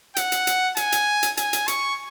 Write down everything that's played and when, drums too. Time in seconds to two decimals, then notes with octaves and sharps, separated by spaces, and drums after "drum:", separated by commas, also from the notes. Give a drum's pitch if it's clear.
0.16 F#5, drum: hi-hat
0.32 drum: hi-hat
0.47 drum: hi-hat
0.77 G#5, drum: hi-hat
0.92 drum: hi-hat
1.23 drum: hi-hat
1.37 G#5, drum: hi-hat
1.53 drum: hi-hat
1.68 C#6, drum: hi-hat